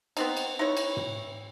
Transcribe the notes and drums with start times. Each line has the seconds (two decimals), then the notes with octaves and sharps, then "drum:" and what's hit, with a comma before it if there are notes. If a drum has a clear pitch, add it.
0.17 B3 C4 D#4, drum: cymbal
0.37 drum: cymbal
0.59 D#4 E4 B4 C#5
0.77 drum: cymbal
0.97 drum: tom